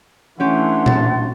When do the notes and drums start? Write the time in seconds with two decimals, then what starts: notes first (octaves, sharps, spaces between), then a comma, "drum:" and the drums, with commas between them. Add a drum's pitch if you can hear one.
0.40 E3 A3 C#4 D4 G4 F#5 C6
0.86 A6, drum: tom A#2